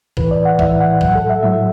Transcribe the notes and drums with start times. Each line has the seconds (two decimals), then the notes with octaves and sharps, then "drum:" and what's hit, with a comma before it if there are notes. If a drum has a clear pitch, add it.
0.17 A2 E3 B4, drum: kick B1
0.31 D5
0.45 F#5
0.59 A2 E3 E5, drum: kick B1
0.81 F#5
1.01 A2 F#3 F#5, drum: kick B1
1.15 A4
1.29 E5
1.42 A2 F#3 E5